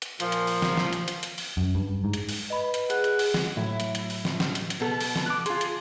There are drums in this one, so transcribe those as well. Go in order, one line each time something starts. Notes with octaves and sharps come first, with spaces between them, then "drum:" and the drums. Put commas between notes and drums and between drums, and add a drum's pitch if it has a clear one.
drum: hi-hat
A#2 F3, drum: hi-hat
drum: hi-hat
drum: open hi-hat
drum: snare
drum: snare
drum: hi-hat
drum: hi-hat
drum: hi-hat
drum: open hi-hat
F#2
G2
G#2
drum: hi-hat
drum: open hi-hat
B4 D#5 B5
drum: hi-hat
G#4 F#5, drum: hi-hat
drum: hi-hat
drum: open hi-hat
drum: snare
A2 F#3 E4
drum: hi-hat
drum: hi-hat
drum: open hi-hat
drum: snare
drum: snare
drum: hi-hat
drum: hi-hat
B2 B3 A4
drum: open hi-hat
drum: snare
D6 F#6
F4 G#4 C6, drum: hi-hat
drum: hi-hat